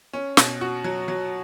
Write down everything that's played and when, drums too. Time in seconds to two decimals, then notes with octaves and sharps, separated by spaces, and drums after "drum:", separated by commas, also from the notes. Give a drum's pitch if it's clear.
0.13 C#4
0.37 B2, drum: snare
0.61 F#4
0.84 F#3
1.08 F#3